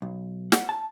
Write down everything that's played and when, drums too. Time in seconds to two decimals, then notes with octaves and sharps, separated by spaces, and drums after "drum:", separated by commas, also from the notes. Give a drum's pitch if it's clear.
0.02 B1
0.52 F#5, drum: snare
0.69 A5